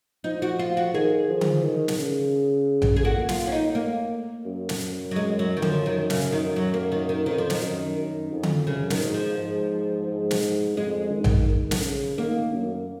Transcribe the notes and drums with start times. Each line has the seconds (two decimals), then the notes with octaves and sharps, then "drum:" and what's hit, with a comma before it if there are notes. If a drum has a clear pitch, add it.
0.24 F3 D#4
0.42 F#4
0.59 F4
0.77 F#4
0.94 D#3 G#4
1.30 F3
1.41 drum: tom D3
1.64 D#3
1.88 drum: snare
2.00 C#3
2.82 drum: tom A#1
2.96 G#4
3.05 A#2 F#4
3.29 F4, drum: snare
3.47 C#4
3.52 D#4
3.75 A#3
4.45 F#2
4.69 drum: snare
5.11 F#3
5.15 F#2 G#3
5.39 F#3
5.57 D#3
5.62 F3, drum: tom D3
5.86 D#3
6.10 C#3, drum: snare
6.32 D#3
6.56 F#3
6.74 A#3
6.92 D#3
7.09 D#3
7.26 F2 D#3
7.38 F3
7.50 D#3, drum: snare
7.61 F#2
7.97 F#2
8.32 F2
8.43 drum: tom D3
8.67 F#2 C#3
8.90 D#3, drum: snare
9.02 G#2
9.14 F3
9.37 G#2
10.07 G#2
10.31 drum: snare
10.77 F2 G#3
11.12 D#3
11.24 drum: tom A#1
11.47 D#3
11.71 drum: snare
11.83 C#3
12.17 D#3 A#3
12.53 F#2